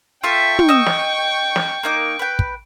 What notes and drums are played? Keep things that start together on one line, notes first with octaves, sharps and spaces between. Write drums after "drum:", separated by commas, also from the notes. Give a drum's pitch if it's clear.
F4 A4 E5 G5 C#6
drum: tom
D#5 D#6 E6
drum: snare
drum: snare
A#3 D#4 D6
B4 G5
drum: kick